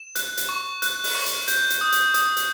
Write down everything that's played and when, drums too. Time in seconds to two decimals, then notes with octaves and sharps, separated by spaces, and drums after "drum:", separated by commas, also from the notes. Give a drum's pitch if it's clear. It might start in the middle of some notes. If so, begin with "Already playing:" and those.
Already playing: E7
0.15 F#6, drum: hi-hat
0.37 drum: hi-hat
0.49 C#6
0.82 F#6, drum: hi-hat
1.04 drum: open hi-hat
1.15 C#6
1.26 drum: hi-hat
1.48 G6, drum: hi-hat
1.70 drum: hi-hat
1.81 D#6
1.92 drum: hi-hat
2.14 D#6, drum: hi-hat
2.37 drum: hi-hat